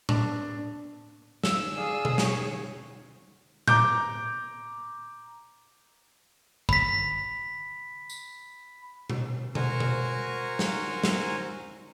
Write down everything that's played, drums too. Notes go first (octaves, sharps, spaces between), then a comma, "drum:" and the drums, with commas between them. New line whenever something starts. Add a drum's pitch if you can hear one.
D4, drum: tom A2
E6, drum: snare
G#4 D5 F5
drum: tom B2
C#5, drum: snare
A#5 D6 G6, drum: tom A2
B5 B6, drum: kick
drum: tambourine
drum: tom B2
F#4 A#4 C5 G#5 A#5 C#6, drum: tom B2
drum: tom B2
drum: snare
drum: snare